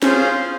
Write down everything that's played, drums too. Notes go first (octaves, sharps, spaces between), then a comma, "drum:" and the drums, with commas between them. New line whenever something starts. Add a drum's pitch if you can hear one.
C#4 F4 G#4 C5 F5, drum: snare